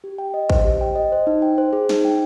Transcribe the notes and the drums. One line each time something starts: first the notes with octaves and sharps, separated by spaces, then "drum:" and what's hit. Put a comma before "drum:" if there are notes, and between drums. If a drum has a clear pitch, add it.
G4
G5
D#5
C5, drum: kick
G4
G5
D#5
C5
D#4
G5
C5
G#4
D#4, drum: snare
G5